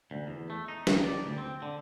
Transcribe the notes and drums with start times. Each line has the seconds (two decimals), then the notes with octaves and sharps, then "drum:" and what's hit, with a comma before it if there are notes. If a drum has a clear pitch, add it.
0.11 D2
0.27 E2
0.50 A3
0.68 D#4
0.87 D#3, drum: snare C#4
1.04 D5
1.26 D2
1.38 C4
1.62 D3